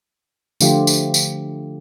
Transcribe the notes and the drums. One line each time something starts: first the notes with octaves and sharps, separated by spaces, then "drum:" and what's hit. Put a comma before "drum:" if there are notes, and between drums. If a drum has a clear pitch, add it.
D3 F3 A3 F4 G4, drum: tambourine
drum: tambourine
drum: tambourine